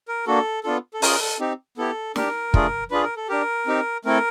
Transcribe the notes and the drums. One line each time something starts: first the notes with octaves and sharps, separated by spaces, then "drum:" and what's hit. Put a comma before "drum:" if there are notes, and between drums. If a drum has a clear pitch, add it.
A#4
A#3 D4 F#4 A4
B3 D4 F4 A4
A4
C#4 F4 G#4 A#4, drum: open hi-hat
A4
C4 D#4 G4
B3 E4 G4 A4
D4 G4 A#4, drum: snare
A3 D4 F4 G#4, drum: kick
D4 F4 G#4 B4
A#4
A4
D4 G4 A#4
C4 D#4 G4
A3 C4 E4 A4 A#4